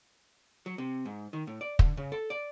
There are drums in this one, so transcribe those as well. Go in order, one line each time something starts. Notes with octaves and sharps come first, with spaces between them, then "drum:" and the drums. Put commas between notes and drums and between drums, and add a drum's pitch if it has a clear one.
F#3
C3
G#2
D#3
A2
D5
D3, drum: kick
C#3
A4
D5